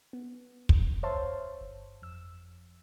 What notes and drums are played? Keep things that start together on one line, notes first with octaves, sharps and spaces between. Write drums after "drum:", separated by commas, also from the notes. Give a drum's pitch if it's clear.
B3
drum: kick
C5 C#5 E5 F5 A5 C6
G1
F2 E6